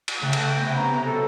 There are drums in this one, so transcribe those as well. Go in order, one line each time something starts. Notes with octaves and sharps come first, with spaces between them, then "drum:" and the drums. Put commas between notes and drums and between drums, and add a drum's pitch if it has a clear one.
drum: cymbal
C#3 A3 G5 F#6
drum: cymbal
C3 B3
C#4 A#5
B2 F#3 A4